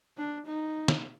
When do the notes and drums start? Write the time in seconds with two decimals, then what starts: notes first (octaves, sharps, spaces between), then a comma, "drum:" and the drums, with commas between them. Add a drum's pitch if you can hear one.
0.17 D4
0.46 D#4
0.88 drum: snare